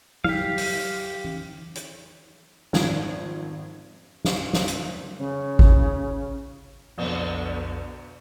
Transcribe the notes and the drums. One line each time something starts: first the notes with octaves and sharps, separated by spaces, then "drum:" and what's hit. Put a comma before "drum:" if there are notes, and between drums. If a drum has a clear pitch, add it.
G4 F5, drum: tom F#3
drum: open hi-hat
drum: tom E3
drum: hi-hat
G#1 F3 G#6, drum: snare
drum: snare
drum: snare
drum: hi-hat
C#3
drum: kick G#1
B1 F2 B2 D3, drum: cymbal